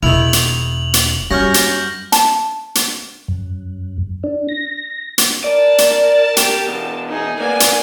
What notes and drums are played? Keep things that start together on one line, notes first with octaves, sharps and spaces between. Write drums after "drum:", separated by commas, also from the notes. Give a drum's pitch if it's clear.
E1 D#3 E4 F7 F#7
drum: hi-hat
drum: hi-hat
F#2 G3 C#4 G4 F6 G6 A#6
drum: hi-hat
A5, drum: hi-hat
drum: hi-hat
F#2
D4
A#6
drum: hi-hat
A#4 D5 A5
drum: hi-hat
G4, drum: hi-hat
E2 B2
D#4 G#4
A#3 B3 D5 G#5
drum: hi-hat